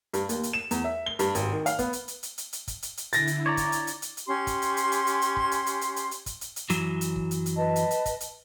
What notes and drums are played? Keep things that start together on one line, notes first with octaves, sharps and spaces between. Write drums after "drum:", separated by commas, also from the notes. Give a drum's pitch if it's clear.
G2, drum: hi-hat
D#2, drum: hi-hat
drum: hi-hat
E7
E2, drum: hi-hat
E5
G7
G2, drum: hi-hat
G#1, drum: hi-hat
D#3
F5, drum: hi-hat
B3, drum: kick, hi-hat
drum: hi-hat
drum: hi-hat
drum: hi-hat
drum: hi-hat
drum: hi-hat
drum: kick, hi-hat
drum: hi-hat
drum: hi-hat
D3 E4 A6 A#6, drum: hi-hat
drum: hi-hat
C#5 D5 A#5
drum: kick, hi-hat
drum: hi-hat
drum: hi-hat
drum: hi-hat
drum: hi-hat
C#4 G4 C6
drum: kick, hi-hat
drum: hi-hat
drum: hi-hat
drum: hi-hat
drum: hi-hat
drum: hi-hat
drum: kick
drum: hi-hat
drum: hi-hat
drum: hi-hat
drum: hi-hat
drum: hi-hat
drum: kick, hi-hat
drum: hi-hat
drum: hi-hat
F#2 E3 F#3, drum: hi-hat
drum: hi-hat
drum: kick
drum: hi-hat
drum: hi-hat
B4 D#5 A5
drum: hi-hat
drum: hi-hat
drum: kick, hi-hat
drum: hi-hat